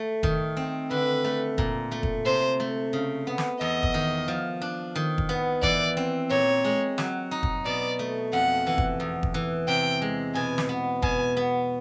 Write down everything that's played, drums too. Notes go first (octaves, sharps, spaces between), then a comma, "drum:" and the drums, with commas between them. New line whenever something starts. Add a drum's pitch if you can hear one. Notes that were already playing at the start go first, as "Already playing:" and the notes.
Already playing: A3
D#3, drum: kick
C4
D3 B4
A3
A#2, drum: kick
A3
drum: kick
C3 C5
A3
C#3
B3
drum: snare
E2 D#5
drum: kick
D#3
F3
D4
D#3
drum: kick
B3
E3 D5, drum: kick
C4
A#2 C#5
G#3
F#3, drum: snare
D#4
drum: kick
B2 D5
A3
F2 F#5
E3
drum: kick
E2
drum: kick
E3
C3 G5
G#3
B2 G#5
drum: snare
B3
B2 G#5, drum: kick
B3